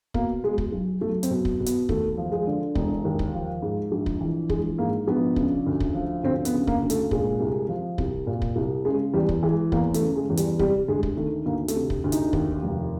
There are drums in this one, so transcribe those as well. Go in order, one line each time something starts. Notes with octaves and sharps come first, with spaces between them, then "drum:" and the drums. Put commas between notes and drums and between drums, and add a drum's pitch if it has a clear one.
B2 A#3, drum: kick
B2 G#3
drum: kick
B1
B1 A3
C4, drum: hi-hat
B2
drum: kick
B2
B3, drum: hi-hat
D#2 A3, drum: kick
F3
G#3
D3
E1, drum: kick
D#2
drum: kick
F3
G#2
A#1
drum: kick
E3
A#1 G#3, drum: kick
G#2 A#3
A#1 B3
C#3, drum: kick
D2
drum: kick
F3
D2 C4
B3, drum: hi-hat
C#3
A#3, drum: kick
D2
A3, drum: hi-hat
A#2 G#3, drum: kick
C2
F3
C2, drum: kick
A#2
drum: kick
C2
C#3 G#3
E2 G3
drum: kick
E3 G#3
E2 A#3, drum: kick
A3, drum: hi-hat
C#3
G#3
E2
G3, drum: hi-hat
C3 G3, drum: kick
D2 G#3
drum: kick
D#3 A3
D2 A#3
A3, drum: hi-hat
C3
drum: kick
D2
D#4, drum: hi-hat
D#2, drum: kick
F1